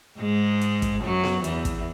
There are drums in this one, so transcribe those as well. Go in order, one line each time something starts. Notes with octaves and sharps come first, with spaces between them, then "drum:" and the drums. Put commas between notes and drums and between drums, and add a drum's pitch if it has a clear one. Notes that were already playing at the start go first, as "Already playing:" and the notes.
G#2 G#3
drum: hi-hat
drum: kick, hi-hat
F#2 F#3
drum: snare B3
E2 E3, drum: hi-hat
drum: kick, hi-hat